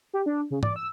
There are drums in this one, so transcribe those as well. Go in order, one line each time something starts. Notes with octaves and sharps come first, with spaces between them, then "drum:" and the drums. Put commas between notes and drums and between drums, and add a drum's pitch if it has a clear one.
G4
D4
C#3
D5, drum: tom
E6